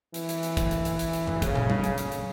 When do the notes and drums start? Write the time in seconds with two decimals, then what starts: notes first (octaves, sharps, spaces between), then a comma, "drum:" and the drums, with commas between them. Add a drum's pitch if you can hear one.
0.14 E3, drum: hi-hat
0.29 drum: hi-hat
0.43 drum: hi-hat
0.57 drum: kick, hi-hat
0.71 drum: hi-hat
0.85 drum: hi-hat
0.99 drum: hi-hat
1.13 drum: hi-hat
1.27 drum: tom F#2
1.42 C#3, drum: kick, hi-hat
1.56 drum: tom
1.70 drum: tom F#3
1.84 drum: hi-hat
1.98 drum: hi-hat
2.12 drum: hi-hat